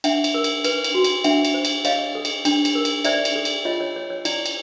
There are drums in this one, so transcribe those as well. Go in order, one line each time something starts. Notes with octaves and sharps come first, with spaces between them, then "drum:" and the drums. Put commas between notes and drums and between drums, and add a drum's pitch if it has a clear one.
D4 E5 F#5, drum: cymbal
drum: cymbal
A#4
drum: cymbal
B4, drum: cymbal
drum: cymbal
F#4
drum: cymbal
D4 E5 F#5, drum: cymbal
drum: cymbal
C5
drum: cymbal
C#5 D#5 F5, drum: cymbal
A4
drum: cymbal
D4, drum: cymbal
drum: cymbal
A#4
drum: cymbal
C5 D5 E5, drum: cymbal
drum: cymbal
A4
drum: cymbal
F4 C#5 D#5
C#5
C#5
C#5
E4 D5, drum: cymbal
drum: cymbal